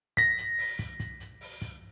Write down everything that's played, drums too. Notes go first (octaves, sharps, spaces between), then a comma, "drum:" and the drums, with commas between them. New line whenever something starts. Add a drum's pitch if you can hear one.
A#6 B6, drum: kick, hi-hat
drum: hi-hat
drum: open hi-hat
drum: kick, hi-hat
drum: kick, hi-hat
drum: hi-hat
drum: open hi-hat
drum: kick, hi-hat